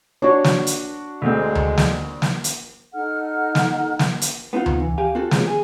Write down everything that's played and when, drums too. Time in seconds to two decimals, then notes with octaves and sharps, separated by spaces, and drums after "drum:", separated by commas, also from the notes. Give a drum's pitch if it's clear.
0.22 D4 F#4 C#5
0.44 drum: snare
0.67 drum: hi-hat
1.22 D2 G#3 C4
1.55 drum: tom D2
1.78 drum: snare
2.22 drum: snare
2.44 drum: hi-hat
2.93 D#4 A4 F#5 F6
3.55 drum: snare
3.99 drum: snare
4.22 drum: hi-hat
4.53 B3 C4 D#4 F4 F#5
4.66 drum: tom D2
4.80 E3
4.98 G4 F5 G#5
5.15 C4 F4 F#4 A4
5.31 A2 C3 F3 F#3 G#3 B3, drum: snare
5.48 G#4